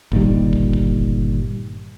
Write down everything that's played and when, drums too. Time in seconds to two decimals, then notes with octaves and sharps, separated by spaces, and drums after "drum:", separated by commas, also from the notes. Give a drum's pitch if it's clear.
0.12 G1 A#2 D#3 G3, drum: kick
0.53 drum: kick
0.73 drum: kick